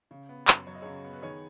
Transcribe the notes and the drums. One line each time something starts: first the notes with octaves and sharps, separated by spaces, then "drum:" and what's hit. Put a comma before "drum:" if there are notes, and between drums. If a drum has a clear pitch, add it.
C#3
B3
F#2, drum: clap
F#3 C#5
D#5
C#3 G#4 C#5
B3
B4
D#3 G#4 C#5